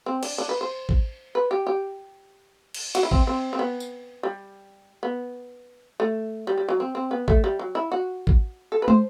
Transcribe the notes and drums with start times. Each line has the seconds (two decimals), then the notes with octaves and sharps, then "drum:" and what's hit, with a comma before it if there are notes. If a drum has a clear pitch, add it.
0.06 C4
0.23 D4, drum: cymbal
0.38 D4
0.49 B4
0.61 C5
0.89 drum: kick
1.35 B4
1.51 G4
1.67 G4
2.74 drum: cymbal
2.95 F#4, drum: cymbal
3.03 E4
3.11 C4, drum: kick
3.27 C4
3.53 C4
3.59 B3
3.80 drum: tambourine
4.23 G3
5.03 B3
6.00 A3
6.47 G3
6.58 G3
6.69 F#3
6.80 C4
6.95 C4
7.11 B3
7.28 A3, drum: kick
7.44 G3
7.59 F#3
7.75 E4
7.92 F#4
8.27 drum: kick
8.72 A4
8.82 B4
8.88 C5, drum: tom